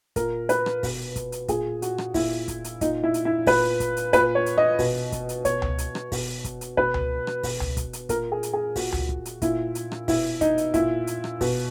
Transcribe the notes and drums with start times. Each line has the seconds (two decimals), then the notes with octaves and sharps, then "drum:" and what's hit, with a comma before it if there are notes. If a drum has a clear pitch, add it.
0.16 A#2 A#4, drum: kick, hi-hat
0.49 B4, drum: hi-hat
0.66 drum: rim click
0.83 B2, drum: kick, open hi-hat
1.16 drum: kick, hi-hat
1.32 drum: hi-hat
1.48 A#2 G#4, drum: kick, hi-hat
1.82 F#4, drum: hi-hat
1.98 drum: rim click
2.14 A#2 E4, drum: kick, open hi-hat
2.48 drum: kick, hi-hat
2.64 drum: hi-hat
2.81 A#2 D#4, drum: kick, hi-hat
3.04 E4
3.14 drum: hi-hat
3.25 E4
3.46 A#2 B4, drum: kick, open hi-hat
3.80 drum: kick, hi-hat
3.97 drum: hi-hat
4.13 A#2 B4, drum: kick, hi-hat
4.35 C#5
4.46 drum: hi-hat
4.58 D#5
4.79 B2, drum: kick, open hi-hat
5.12 drum: kick, hi-hat
5.29 drum: hi-hat
5.45 B2 C#5, drum: kick, hi-hat
5.62 drum: tom C#2
5.78 drum: hi-hat
5.95 drum: rim click
6.12 B2, drum: kick, open hi-hat
6.45 drum: kick, hi-hat
6.61 drum: hi-hat
6.77 B2 B4, drum: kick
6.94 drum: tom C#2
7.27 drum: rim click
7.43 B2, drum: kick, open hi-hat
7.60 drum: tom C#2
7.77 drum: kick, hi-hat
7.93 drum: hi-hat
8.09 A#2 A#4, drum: kick, hi-hat
8.32 G#4
8.43 drum: hi-hat
8.53 G#4
8.76 A#2 F#4, drum: kick, open hi-hat
8.92 drum: tom C#2
9.09 drum: kick
9.25 drum: hi-hat
9.42 A#2 E4, drum: kick, hi-hat
9.75 drum: hi-hat
9.92 drum: rim click
10.08 B2 E4, drum: kick, open hi-hat
10.41 D#4, drum: kick, hi-hat
10.58 drum: hi-hat
10.74 A#2 E4, drum: kick, hi-hat
11.07 drum: hi-hat
11.24 drum: rim click
11.41 B2, drum: kick, open hi-hat